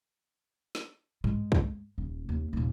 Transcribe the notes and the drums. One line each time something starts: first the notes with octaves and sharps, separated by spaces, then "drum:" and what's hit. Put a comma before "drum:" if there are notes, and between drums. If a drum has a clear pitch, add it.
drum: snare
G#3, drum: tom G#2
drum: kick
D#1
D#2
D#2 A#2